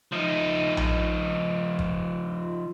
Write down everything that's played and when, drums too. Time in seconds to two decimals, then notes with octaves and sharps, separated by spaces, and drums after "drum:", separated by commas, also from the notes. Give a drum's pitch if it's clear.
0.12 F3 D#4
0.77 drum: tom A#1
1.79 drum: kick